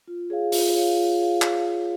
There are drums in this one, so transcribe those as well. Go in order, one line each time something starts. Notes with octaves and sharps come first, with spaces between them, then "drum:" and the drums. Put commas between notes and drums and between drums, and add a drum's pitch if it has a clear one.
F4
G#4 C#5 F5
F4, drum: open hi-hat
G#4 C#5 F5
F4
G#4 C#5 F5
F4, drum: clap
G#4 C#5 F5